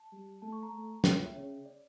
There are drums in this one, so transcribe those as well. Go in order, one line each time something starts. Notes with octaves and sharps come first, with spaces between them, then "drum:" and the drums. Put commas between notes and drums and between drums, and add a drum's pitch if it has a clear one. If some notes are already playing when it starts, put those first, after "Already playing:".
Already playing: A5
G3
A3 A5
C#6
A#5
A3
A#2 G5, drum: snare
C#5
E5
C#3 C#5
D5